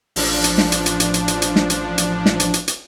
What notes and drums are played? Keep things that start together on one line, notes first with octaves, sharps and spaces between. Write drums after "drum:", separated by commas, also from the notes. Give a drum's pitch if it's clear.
A1 F3 D4, drum: open hi-hat
drum: hi-hat
drum: snare
drum: hi-hat
drum: hi-hat
drum: hi-hat
drum: hi-hat
drum: hi-hat
drum: hi-hat
drum: snare
drum: hi-hat
drum: hi-hat
drum: snare
drum: hi-hat
drum: hi-hat
drum: hi-hat